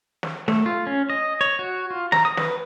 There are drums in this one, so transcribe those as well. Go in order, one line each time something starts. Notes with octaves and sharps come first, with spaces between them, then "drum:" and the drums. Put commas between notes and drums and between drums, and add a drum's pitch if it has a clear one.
drum: snare
A3, drum: snare
F4
C#4
D#5
C#5
F#4
F4
A#5, drum: snare
D#6
B4, drum: snare